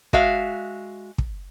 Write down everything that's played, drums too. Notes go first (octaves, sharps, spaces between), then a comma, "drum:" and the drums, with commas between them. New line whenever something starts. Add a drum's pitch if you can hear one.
G#3 F#4 E5 F5, drum: kick
drum: kick